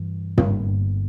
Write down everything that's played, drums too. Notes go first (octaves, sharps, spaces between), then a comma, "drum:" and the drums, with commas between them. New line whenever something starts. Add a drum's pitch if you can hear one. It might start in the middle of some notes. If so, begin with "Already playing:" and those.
Already playing: G2 E3
G1 G2 G3 A#3, drum: tom